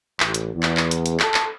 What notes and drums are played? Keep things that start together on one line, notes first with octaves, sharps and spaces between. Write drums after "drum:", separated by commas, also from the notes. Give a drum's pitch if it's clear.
A1, drum: clap
drum: hi-hat
E2
drum: clap
drum: clap
drum: hi-hat
drum: hi-hat
A4, drum: clap
drum: clap